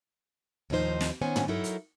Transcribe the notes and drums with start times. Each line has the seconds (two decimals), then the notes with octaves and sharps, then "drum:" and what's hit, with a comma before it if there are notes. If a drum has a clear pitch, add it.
0.70 D#2 A2 C#3 F3 D#4 C5
1.01 drum: snare
1.22 D#3 B3 C#4 C5 C#5 G#5
1.36 drum: tom
1.48 F#3 D#4 E4 A4 A#4
1.64 drum: hi-hat